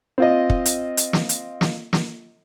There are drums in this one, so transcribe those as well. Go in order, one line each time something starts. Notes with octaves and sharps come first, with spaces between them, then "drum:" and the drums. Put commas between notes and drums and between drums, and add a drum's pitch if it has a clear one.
C4 F4 D#5
drum: kick
drum: hi-hat
drum: hi-hat
drum: snare
drum: hi-hat
drum: snare
drum: snare